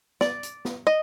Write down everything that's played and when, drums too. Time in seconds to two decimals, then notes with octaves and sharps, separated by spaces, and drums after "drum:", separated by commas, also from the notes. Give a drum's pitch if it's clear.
0.21 D5, drum: snare
0.43 drum: hi-hat
0.65 drum: snare
0.87 D#5